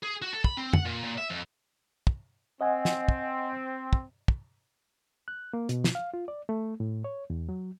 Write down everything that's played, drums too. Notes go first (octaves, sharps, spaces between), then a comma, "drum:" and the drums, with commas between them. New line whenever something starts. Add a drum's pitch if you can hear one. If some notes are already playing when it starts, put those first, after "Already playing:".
G#4
F#4
A4
B5, drum: kick
C4
F#5, drum: tom
A#2
A#2
E5
F2
drum: kick
C4 D#5 F#5 G#5
drum: snare
drum: kick
drum: kick
drum: kick
F#6
A#3
B2, drum: hi-hat
drum: snare
F5
F4
D5
A3
A2
C#5
E2
F#3